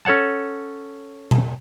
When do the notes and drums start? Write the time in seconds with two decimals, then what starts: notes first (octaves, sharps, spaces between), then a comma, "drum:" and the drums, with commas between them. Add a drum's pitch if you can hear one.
0.05 C#4 A4 C#5 F#5 A5
1.31 drum: tom B2